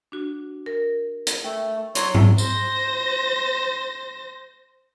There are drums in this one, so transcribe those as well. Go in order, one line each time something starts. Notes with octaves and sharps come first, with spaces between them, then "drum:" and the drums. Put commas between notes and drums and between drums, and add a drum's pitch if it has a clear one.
D4 F#4
A#4
drum: hi-hat
A3 G5
F#3 C#5 C6, drum: hi-hat
drum: tom G#2
C5 A#6, drum: tambourine